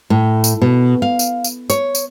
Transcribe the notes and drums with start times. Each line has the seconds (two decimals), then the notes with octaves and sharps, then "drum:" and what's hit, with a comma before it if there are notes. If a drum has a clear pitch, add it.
0.10 A2
0.44 drum: tambourine
0.62 B2
1.02 F5
1.19 drum: tambourine
1.44 drum: tambourine
1.70 C#5, drum: tambourine
1.95 drum: tambourine